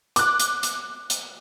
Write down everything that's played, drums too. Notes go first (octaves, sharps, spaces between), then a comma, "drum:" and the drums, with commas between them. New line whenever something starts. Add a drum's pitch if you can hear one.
D6 F#6, drum: hi-hat
drum: hi-hat
drum: hi-hat
drum: hi-hat